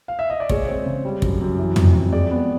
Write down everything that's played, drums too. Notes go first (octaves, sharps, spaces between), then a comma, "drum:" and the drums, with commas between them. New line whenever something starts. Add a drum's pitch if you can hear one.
F5
E5
D#5
D5
G#3 C#5, drum: kick
C4
C#3
G3
F#2, drum: kick
F#2
E3
F2, drum: tom
F2
G#3 D5
B3